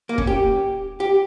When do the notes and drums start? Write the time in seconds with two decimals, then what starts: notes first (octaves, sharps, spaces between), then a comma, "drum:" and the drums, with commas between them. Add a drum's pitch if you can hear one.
0.09 A#3
0.18 C#4, drum: kick
0.27 G4
1.00 G4